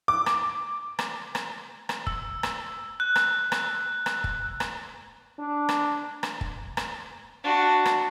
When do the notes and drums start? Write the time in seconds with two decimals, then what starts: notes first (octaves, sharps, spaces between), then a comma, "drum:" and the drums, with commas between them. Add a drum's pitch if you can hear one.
0.08 D6
0.26 drum: rim click
0.99 drum: rim click
1.35 drum: rim click
1.89 drum: rim click
2.07 E6, drum: kick
2.43 drum: rim click
3.00 F#6
3.16 drum: rim click
3.52 drum: rim click
4.06 drum: rim click
4.24 drum: kick
4.60 drum: rim click
5.39 D4
5.69 drum: rim click
6.23 drum: rim click
6.41 drum: kick
6.77 drum: rim click
7.44 D4 F#4
7.86 drum: rim click